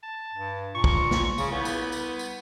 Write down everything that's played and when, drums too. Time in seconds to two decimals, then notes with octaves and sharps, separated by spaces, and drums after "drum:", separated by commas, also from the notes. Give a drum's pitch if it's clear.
0.03 A5
0.34 G2
0.75 A#2 C#6
0.84 drum: kick
1.11 drum: snare
1.38 C#3 C#4, drum: tambourine
1.51 C2 B3
1.65 drum: tambourine
1.92 drum: tambourine
2.19 drum: tambourine